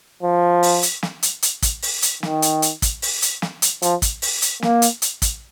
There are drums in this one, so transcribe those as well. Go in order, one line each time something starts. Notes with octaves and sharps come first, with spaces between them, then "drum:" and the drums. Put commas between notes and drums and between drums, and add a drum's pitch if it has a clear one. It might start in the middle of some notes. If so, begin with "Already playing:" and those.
F3
drum: open hi-hat
drum: hi-hat
drum: snare
drum: hi-hat
drum: hi-hat
drum: kick, hi-hat
drum: open hi-hat
drum: hi-hat
D#3, drum: snare
drum: hi-hat
drum: hi-hat
drum: kick, hi-hat
drum: open hi-hat
drum: hi-hat
drum: snare
drum: hi-hat
F3, drum: hi-hat
drum: kick, hi-hat
drum: open hi-hat
drum: hi-hat
A#3, drum: snare
drum: hi-hat
drum: hi-hat
drum: kick, hi-hat